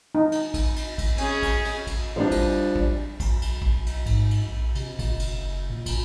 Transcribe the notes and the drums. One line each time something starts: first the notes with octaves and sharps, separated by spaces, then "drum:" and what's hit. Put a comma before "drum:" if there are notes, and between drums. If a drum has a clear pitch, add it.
D#4
drum: cymbal
drum: kick, cymbal
drum: cymbal
drum: kick, cymbal
C#4 G#4, drum: cymbal
drum: kick, cymbal
drum: cymbal
drum: kick, cymbal
F3 G3 D4
drum: kick, cymbal
drum: kick
drum: kick, cymbal
B1, drum: cymbal
B1, drum: kick
drum: cymbal
G#2, drum: kick, cymbal
drum: cymbal
A#1
C3, drum: cymbal
A#2, drum: kick, cymbal
F#1
drum: cymbal
F#1
A#2
drum: kick, cymbal